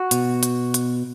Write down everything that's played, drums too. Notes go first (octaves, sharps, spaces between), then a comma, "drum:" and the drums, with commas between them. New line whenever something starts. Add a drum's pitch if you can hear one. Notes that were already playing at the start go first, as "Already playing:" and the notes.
Already playing: F#4
B2, drum: hi-hat
drum: hi-hat
drum: hi-hat